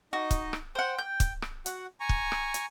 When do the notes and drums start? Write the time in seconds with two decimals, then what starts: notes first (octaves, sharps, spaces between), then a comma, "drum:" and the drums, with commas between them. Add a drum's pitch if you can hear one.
0.13 D#4 F#4 D#5
0.31 drum: kick, hi-hat
0.53 drum: rim click
0.75 C5 F#5 G5
0.98 G6
1.20 drum: kick, hi-hat
1.42 drum: rim click
1.66 F#4 F#5, drum: hi-hat
2.00 G#5 A#5 C#6
2.09 drum: kick
2.32 drum: rim click
2.54 drum: hi-hat